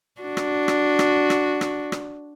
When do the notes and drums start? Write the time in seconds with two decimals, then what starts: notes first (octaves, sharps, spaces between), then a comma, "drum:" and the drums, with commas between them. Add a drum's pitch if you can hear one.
0.21 D4 F#4
0.37 drum: rim click
0.68 drum: rim click
0.99 drum: rim click
1.30 drum: rim click
1.61 drum: rim click
1.92 drum: rim click